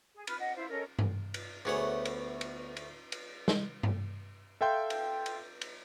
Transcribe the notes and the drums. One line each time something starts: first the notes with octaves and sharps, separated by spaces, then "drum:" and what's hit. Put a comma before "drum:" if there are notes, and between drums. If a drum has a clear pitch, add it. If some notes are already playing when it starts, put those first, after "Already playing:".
G#4
B4 F6, drum: cymbal
D#5 F#5
E4 C5 F5
C#4 A4 A#4 D#5
drum: tom G2
drum: cymbal
D2 A3 B3 G#4 C#5 F#5
drum: cymbal
drum: cymbal
drum: cymbal
drum: cymbal
drum: snare
drum: tom G2
A4 E5 F5 G5 C6 G6
drum: cymbal
drum: cymbal
drum: cymbal